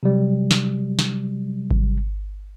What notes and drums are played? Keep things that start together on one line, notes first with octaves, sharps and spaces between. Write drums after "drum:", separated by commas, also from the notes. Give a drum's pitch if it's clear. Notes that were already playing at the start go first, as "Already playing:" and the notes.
C3 F#3 G3
drum: snare
drum: snare
drum: kick G#1